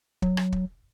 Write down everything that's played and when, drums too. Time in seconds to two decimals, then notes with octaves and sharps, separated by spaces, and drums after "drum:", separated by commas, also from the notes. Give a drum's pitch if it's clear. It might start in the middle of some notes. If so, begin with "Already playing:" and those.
0.22 F#3, drum: kick
0.37 drum: rim click
0.52 drum: kick